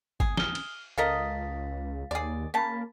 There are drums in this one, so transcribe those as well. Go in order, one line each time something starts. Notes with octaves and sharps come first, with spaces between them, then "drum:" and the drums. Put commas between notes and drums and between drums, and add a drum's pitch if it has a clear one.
G#4, drum: kick
F6 G7, drum: snare
drum: cymbal
C#2 A4 A#4 D#5 F5 A6 B6
D#2 G#4 D5
C#3 A#3 A5 B5 B6